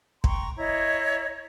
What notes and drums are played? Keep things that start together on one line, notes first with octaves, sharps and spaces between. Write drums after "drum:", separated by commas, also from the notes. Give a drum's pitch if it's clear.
G5 A#5 C6 C#6, drum: kick
E4 C#5 D#5 A#5